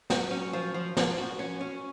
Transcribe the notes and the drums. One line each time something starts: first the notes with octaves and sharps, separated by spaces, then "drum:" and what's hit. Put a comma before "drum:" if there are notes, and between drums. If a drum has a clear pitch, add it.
F#3 F#4, drum: snare
C#4
F3
F3
F3, drum: snare
F#4
C#4
C#4